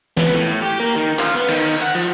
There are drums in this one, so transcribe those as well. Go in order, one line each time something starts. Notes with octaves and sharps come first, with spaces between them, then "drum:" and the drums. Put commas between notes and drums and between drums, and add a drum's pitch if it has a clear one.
B3, drum: snare
A2
G4
A#3
D#3
F4, drum: clap
B3
D#3, drum: cymbal
F#5
F3